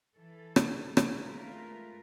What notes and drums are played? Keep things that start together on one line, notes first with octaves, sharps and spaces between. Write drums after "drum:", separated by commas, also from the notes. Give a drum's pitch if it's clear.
E3 A4
drum: rim click
drum: rim click
G#3 A3 F4 A#4 B4